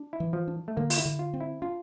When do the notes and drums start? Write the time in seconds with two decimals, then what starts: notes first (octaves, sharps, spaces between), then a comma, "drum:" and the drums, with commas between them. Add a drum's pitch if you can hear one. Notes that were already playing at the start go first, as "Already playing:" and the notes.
Already playing: D4
0.13 E4
0.20 E3
0.33 F3
0.48 D4
0.68 A3
0.77 D3 A#3
0.90 F4, drum: open hi-hat
0.97 E4
1.05 D3
1.19 F4
1.33 C4
1.40 E4
1.62 D4 F4